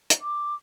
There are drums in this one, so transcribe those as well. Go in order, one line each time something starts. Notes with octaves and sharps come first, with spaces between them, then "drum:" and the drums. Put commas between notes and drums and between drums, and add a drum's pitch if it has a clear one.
drum: hi-hat
D6